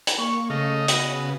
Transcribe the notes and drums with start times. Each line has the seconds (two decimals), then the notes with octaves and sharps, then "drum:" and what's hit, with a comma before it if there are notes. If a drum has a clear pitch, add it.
0.07 drum: hi-hat
0.18 A#3 C#6
0.50 C#3 A3 D#5 F5
0.88 B3 F#4, drum: hi-hat